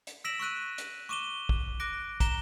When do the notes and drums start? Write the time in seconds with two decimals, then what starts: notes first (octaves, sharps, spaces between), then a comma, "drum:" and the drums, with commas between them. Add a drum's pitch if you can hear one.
0.07 drum: hi-hat
0.24 E6 A#6 B6 D7 E7 F#7
0.40 C#6 E6 F#6 D#7
0.78 drum: hi-hat
1.09 C#6 D6 D#7 E7 G7
1.49 drum: kick
1.80 D6 F#6 A#6 D7
2.20 A#5 E7 G7, drum: kick, hi-hat